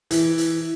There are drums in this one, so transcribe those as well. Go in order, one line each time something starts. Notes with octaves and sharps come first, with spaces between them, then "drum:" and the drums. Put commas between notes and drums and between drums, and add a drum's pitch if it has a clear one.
E3, drum: hi-hat
drum: hi-hat